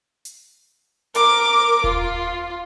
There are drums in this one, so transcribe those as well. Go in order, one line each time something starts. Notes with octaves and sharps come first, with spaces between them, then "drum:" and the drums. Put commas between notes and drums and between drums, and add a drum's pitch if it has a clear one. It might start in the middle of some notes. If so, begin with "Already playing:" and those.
drum: hi-hat
A#4 D6, drum: hi-hat
F4, drum: kick D#1